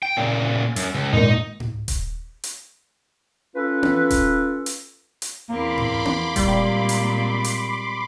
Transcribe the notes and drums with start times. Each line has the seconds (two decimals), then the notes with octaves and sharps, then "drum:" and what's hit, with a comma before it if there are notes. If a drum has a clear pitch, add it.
0.03 G5
0.17 A#2 C#3
0.76 F#2, drum: hi-hat
0.95 C#2
1.13 G#1 A#2 D#4
1.60 drum: tom G#2
1.88 drum: kick D#1, hi-hat
2.44 drum: hi-hat
3.56 C#4 F4 A4 B4
3.83 drum: tom B3
4.11 drum: kick D#1, hi-hat
4.66 drum: hi-hat
5.22 drum: hi-hat
5.50 E2 A#3 C4 A#4 B5 C6 D6
5.78 drum: tom G#2
6.05 drum: tom B3
6.36 A#2 G3 G#3 C4, drum: kick D#1, hi-hat
6.89 drum: hi-hat
7.44 drum: hi-hat